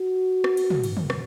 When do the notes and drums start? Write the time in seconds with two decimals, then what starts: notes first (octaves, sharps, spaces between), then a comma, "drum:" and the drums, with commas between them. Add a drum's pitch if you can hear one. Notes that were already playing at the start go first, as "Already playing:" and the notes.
Already playing: F#4
0.44 drum: rim click
0.57 drum: cymbal
0.70 drum: tom
0.84 drum: cymbal
0.97 drum: tom
1.10 drum: rim click